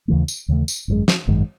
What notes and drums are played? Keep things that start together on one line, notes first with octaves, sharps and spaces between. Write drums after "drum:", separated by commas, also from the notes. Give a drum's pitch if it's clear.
D#2 C#3 E3 A3
drum: tambourine
D#2 C#3 E3 A3
drum: tambourine
G#1 F#2 D#3 G#3
drum: snare
G#1 F#2 D#3 G#3